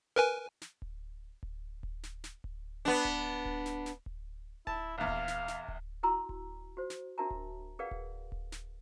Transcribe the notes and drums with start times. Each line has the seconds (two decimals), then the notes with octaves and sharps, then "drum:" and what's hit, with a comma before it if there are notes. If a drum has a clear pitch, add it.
0.16 A#4 B4 G#5
0.62 drum: snare
0.82 drum: kick D1
1.43 drum: kick D1
1.83 drum: kick D1
2.03 drum: snare
2.24 drum: snare
2.44 drum: kick D1
2.85 B3 D4
3.05 drum: kick D1
3.45 drum: kick D1
3.66 drum: snare
3.86 drum: snare
4.06 drum: kick D1
4.67 E4 A5, drum: kick D1
4.98 A#1 E2 F5
5.07 drum: kick D1
5.28 drum: snare
5.48 drum: snare
5.68 drum: kick D1
6.03 E4 F#4 A#5 C6 E6
6.29 drum: kick D1
6.77 F#4 C5
6.90 drum: snare
7.18 D4 F#4 A#4 E5 A5 A#5
7.30 drum: kick D1
7.79 G#4 A#4 B4 D5 F5 F#5
7.91 drum: kick D1
8.32 drum: kick D1
8.52 drum: snare